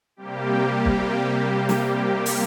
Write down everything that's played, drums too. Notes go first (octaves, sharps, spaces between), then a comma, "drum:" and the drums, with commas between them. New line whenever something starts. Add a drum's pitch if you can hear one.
C3 G3 A#3 G4
drum: kick
drum: snare
drum: open hi-hat